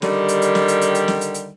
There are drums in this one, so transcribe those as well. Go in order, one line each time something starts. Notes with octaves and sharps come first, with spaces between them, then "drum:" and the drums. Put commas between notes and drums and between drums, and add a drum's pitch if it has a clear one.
D3 D#3 G3, drum: snare
drum: hi-hat
drum: hi-hat
drum: snare
drum: hi-hat
drum: hi-hat
drum: hi-hat
drum: snare
drum: hi-hat
drum: hi-hat